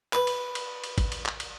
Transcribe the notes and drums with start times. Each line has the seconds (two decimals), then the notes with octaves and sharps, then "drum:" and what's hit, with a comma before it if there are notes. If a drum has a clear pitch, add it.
0.13 B4, drum: clap
0.27 drum: cymbal
0.55 drum: cymbal
0.84 drum: cymbal
0.98 drum: kick A1, cymbal
1.12 drum: cymbal
1.26 drum: clap
1.40 drum: cymbal